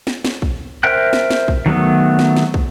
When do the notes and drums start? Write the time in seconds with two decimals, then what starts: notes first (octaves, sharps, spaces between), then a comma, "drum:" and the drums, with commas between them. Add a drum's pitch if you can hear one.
0.07 drum: snare
0.25 drum: snare
0.42 drum: kick
0.83 A#4 C5 E5 G5 F#6
1.13 drum: snare
1.30 drum: snare
1.48 drum: kick
1.66 D#3 F#3 A3 B3
2.19 drum: snare
2.36 drum: snare
2.54 drum: kick